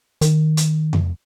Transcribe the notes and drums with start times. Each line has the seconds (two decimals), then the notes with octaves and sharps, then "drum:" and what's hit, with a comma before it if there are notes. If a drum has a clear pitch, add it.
0.21 D#3, drum: hi-hat
0.57 drum: hi-hat
0.93 drum: tom F2